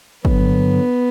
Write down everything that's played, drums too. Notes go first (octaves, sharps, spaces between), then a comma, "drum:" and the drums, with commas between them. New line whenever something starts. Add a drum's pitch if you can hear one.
G2 D3 F#3 B3, drum: kick